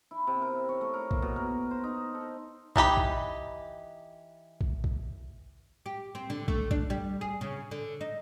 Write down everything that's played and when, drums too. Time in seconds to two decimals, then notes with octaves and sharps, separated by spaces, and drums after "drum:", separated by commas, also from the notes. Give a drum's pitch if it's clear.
0.11 E4
0.27 C3
0.42 A#4
0.69 C#5
0.81 A3
0.94 A#4
1.11 A#3, drum: kick
1.22 B2
1.36 A#4
1.71 C5
1.84 D#4
2.15 A4
2.76 E3 D#4 G4 B5, drum: kick
2.97 drum: kick
4.61 drum: kick
4.84 drum: kick
5.86 G4
6.15 C4
6.30 D3
6.48 A3, drum: kick
6.71 D4, drum: kick
6.90 G3
7.21 G#4
7.41 C#3
7.71 D3
8.01 D#4